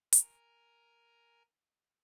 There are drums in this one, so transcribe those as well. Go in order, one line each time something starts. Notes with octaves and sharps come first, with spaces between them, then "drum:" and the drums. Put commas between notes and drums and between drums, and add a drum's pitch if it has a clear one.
A#4 G#5 A#5, drum: hi-hat